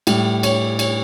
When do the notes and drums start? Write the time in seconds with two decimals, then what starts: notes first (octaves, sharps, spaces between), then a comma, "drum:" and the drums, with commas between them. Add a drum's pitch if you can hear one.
0.07 A2 G3, drum: cymbal
0.43 C#5, drum: cymbal
0.79 C#5, drum: cymbal